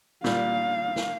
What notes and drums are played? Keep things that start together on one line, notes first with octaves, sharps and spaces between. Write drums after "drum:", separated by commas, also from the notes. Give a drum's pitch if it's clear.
A#2 G3 F5, drum: snare
drum: snare